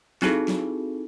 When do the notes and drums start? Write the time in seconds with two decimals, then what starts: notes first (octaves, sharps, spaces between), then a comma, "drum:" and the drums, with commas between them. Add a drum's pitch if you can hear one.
0.22 C4 D#4 E4 F#4 G#4 A4, drum: snare
0.48 drum: snare